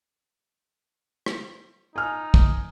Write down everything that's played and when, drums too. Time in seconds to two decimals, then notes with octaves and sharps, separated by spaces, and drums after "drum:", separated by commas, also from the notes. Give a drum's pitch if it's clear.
1.26 drum: rim click
1.96 D#4 G#5 F6
2.34 drum: kick